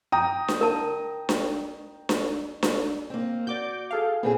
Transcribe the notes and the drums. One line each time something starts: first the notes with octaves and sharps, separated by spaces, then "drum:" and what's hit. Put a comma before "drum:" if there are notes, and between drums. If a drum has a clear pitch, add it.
G5 A#5 D#6
drum: snare D4
A#4 A5
drum: snare D4
drum: snare D4
drum: snare D4
A#3 C4
F#4 D5 D6 G6
G#4 A4 F5
A#2 B3 C4 G#4